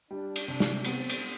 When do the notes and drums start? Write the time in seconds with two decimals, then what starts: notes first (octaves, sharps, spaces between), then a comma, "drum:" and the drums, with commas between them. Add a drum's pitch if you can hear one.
0.11 G3 D4
0.36 drum: cymbal
0.48 C3 D4
0.60 drum: snare
0.84 B3 C4, drum: cymbal
1.09 drum: cymbal